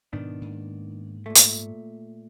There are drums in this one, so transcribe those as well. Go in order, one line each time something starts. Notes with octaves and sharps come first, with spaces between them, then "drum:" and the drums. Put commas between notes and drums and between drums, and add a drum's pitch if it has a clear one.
G#2 B2 D#3 B3 D4
G#2 A#3
A#2 A3
drum: hi-hat